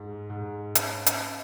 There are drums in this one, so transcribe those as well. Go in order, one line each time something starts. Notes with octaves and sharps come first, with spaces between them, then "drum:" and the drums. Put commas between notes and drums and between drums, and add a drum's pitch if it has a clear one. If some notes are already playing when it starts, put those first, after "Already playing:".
Already playing: G#2
G#2
C#4, drum: hi-hat
drum: hi-hat